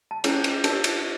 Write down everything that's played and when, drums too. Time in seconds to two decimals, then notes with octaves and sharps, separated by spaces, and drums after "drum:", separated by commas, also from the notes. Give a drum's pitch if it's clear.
0.11 A5
0.24 C#4 E4 G#4 C#5 G#5, drum: cymbal
0.44 drum: cymbal
0.64 D4 G4 A#4 C#5 A5, drum: cymbal
0.84 drum: cymbal